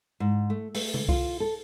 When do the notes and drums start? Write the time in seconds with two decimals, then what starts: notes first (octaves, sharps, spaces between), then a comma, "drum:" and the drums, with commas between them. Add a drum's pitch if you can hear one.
0.20 G#2
0.50 A3
0.75 A3, drum: open hi-hat
0.94 drum: tom C3
1.09 F4, drum: kick C2
1.40 A4